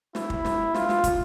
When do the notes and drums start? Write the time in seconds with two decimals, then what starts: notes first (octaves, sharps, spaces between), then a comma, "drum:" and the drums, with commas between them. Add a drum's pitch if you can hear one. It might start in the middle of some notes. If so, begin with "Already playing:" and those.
0.15 E4, drum: snare
0.30 drum: kick
0.45 drum: snare
0.74 F4, drum: snare
0.89 drum: snare
1.04 drum: kick, hi-hat